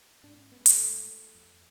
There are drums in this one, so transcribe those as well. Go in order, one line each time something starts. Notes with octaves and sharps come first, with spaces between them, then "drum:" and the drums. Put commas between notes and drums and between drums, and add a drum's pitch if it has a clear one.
G#2 D4
C#4
B3
G#3
A3, drum: hi-hat
G#2
F2